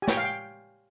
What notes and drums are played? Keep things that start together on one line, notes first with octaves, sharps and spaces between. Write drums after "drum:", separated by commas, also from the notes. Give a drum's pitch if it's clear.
G4 G#5
C#5 G5, drum: snare
F5
G5